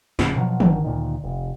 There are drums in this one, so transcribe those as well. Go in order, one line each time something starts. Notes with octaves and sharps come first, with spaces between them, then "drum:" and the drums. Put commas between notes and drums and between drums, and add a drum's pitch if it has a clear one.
D#1 F2 A2 C#3, drum: snare
B2 F3 F#3
G1 D3 D#3, drum: tom D#3
D2 A#2 D#3
F1